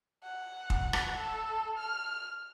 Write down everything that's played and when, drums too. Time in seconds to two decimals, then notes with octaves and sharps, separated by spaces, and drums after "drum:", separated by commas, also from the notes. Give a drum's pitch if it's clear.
0.23 F#5
0.70 drum: kick
0.93 drum: rim click
1.17 A4
1.78 F6